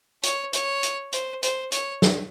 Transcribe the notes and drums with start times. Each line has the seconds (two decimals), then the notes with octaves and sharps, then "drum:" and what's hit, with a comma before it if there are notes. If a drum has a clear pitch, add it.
0.23 C#5, drum: hi-hat
0.53 C#5, drum: hi-hat
0.83 drum: hi-hat
1.13 C5, drum: hi-hat
1.43 C5, drum: hi-hat
1.72 C#5, drum: hi-hat
2.02 drum: snare